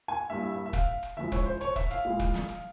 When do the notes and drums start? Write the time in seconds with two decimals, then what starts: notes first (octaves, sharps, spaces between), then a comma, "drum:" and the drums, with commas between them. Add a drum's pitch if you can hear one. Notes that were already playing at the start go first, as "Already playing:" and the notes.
0.08 G#5
0.30 G2 G3 A#3 E4 E5
0.52 E5
0.66 E5
0.73 F5, drum: kick, hi-hat
1.03 drum: hi-hat
1.17 C#3 F3 G#3 E4 E5
1.32 C#5, drum: kick, hi-hat
1.46 C5
1.61 C#5, drum: hi-hat
1.76 E5, drum: kick
1.91 F5, drum: hi-hat
2.05 A#2 G#3 E4
2.19 drum: kick, hi-hat
2.34 drum: snare
2.49 drum: hi-hat